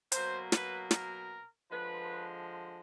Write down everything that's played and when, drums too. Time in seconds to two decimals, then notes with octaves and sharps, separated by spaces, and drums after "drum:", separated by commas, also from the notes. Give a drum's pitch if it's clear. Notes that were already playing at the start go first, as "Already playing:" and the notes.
0.12 B2 F#3 A#3 C5, drum: hi-hat
0.52 B4, drum: snare
0.91 A#4, drum: snare
1.70 D3 F3 G#3 B4